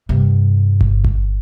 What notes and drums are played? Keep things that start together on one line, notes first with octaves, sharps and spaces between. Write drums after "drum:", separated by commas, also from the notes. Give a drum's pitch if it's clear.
G2 C3
drum: kick G1
drum: kick G1